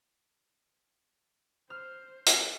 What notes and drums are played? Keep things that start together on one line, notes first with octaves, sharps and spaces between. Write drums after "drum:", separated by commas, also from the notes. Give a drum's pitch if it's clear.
C5 F6
drum: hi-hat